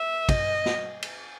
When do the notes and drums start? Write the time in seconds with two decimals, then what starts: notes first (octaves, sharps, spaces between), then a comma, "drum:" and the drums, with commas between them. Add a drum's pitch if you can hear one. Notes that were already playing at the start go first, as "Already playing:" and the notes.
Already playing: E5
0.29 D#5, drum: kick, cymbal
0.66 drum: snare
1.02 drum: cymbal